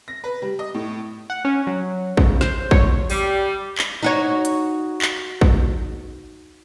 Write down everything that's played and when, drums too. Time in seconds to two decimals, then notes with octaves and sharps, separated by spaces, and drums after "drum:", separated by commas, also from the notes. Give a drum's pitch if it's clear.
0.08 A#6
0.24 B4
0.42 G3
0.59 D#5
0.74 A2
1.30 F#5
1.45 C#4
1.67 F#3
2.17 C#3, drum: kick
2.41 C5, drum: snare
2.71 C#5, drum: kick
3.10 G3, drum: open hi-hat
3.78 drum: clap
4.03 D#4 F#4 C#5
4.45 drum: hi-hat
5.02 drum: clap
5.41 drum: kick